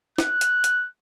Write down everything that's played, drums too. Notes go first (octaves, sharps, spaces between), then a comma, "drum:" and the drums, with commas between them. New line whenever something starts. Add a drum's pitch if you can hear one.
F#6, drum: snare
drum: hi-hat
drum: hi-hat